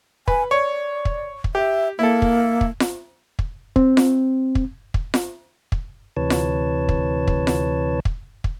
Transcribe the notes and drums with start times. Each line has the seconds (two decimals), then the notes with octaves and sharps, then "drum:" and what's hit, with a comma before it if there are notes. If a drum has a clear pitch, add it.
0.28 B4 G#5, drum: kick
0.51 C#5 D5
1.05 drum: kick
1.44 drum: kick
1.55 G4 E5
1.99 A#3 E4 A4
2.22 drum: kick
2.61 drum: kick
2.80 drum: snare F4
3.39 drum: kick
3.76 C4, drum: kick
3.97 drum: snare F4
4.55 drum: kick
4.94 drum: kick
5.14 drum: snare F4
5.72 drum: kick
6.17 D2 C3 E3 B4 C#5 A5
6.30 drum: snare F4
6.89 drum: kick
7.28 drum: kick
7.47 drum: snare F4
8.05 drum: kick
8.44 drum: kick